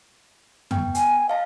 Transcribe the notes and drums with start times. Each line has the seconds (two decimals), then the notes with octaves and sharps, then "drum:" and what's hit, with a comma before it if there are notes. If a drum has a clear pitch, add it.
0.71 B3 G5, drum: tom
0.95 G#5, drum: hi-hat
1.29 D#5 F5 A5